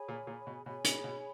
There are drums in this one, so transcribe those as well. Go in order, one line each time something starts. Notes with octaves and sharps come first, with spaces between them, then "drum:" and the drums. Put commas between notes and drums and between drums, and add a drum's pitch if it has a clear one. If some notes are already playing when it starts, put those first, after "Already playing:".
Already playing: G#4 C#5 G#5 B5
A#2
A#2
B2
B2 G#4 C#5 G#5 B5
B2, drum: hi-hat
B2